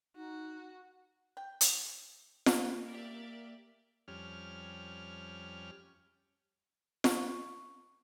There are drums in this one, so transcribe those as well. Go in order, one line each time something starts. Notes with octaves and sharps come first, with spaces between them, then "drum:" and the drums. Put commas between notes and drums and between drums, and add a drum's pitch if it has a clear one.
D#4 F#4
G5
drum: hi-hat
A#3, drum: snare F4
G4 D5 E5
F2 G3 C#4 F6
C#6, drum: snare F4